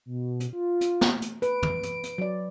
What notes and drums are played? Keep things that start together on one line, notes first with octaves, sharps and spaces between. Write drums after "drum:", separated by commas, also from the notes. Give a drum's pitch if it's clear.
B2
drum: hi-hat
F4
drum: hi-hat
drum: snare
drum: hi-hat
B4 D7, drum: hi-hat
drum: tom
drum: hi-hat
drum: hi-hat
F#3 D5